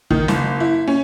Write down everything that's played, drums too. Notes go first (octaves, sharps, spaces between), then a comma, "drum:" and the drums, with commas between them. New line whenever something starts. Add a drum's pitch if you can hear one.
D#3, drum: kick
F#1, drum: snare
E4
C#4